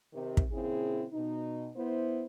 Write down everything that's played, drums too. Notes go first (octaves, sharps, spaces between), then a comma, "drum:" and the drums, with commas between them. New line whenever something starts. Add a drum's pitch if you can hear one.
C3 D#3
drum: kick
A#2 C#3 C4 E4 G#4
B2 D#4
B3 E4 C5